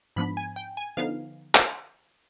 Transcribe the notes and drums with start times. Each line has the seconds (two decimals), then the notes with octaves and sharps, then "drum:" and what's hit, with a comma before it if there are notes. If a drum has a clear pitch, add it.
0.16 G#2 F3 B3 D4 B5
0.37 G#5
0.56 G5
0.77 G#5
0.97 D3 F3 B3 D#4 F5
1.55 drum: clap